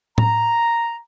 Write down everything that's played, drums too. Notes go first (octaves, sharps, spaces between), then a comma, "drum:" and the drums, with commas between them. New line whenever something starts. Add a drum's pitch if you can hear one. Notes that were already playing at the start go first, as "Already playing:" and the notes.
A#5, drum: tom A2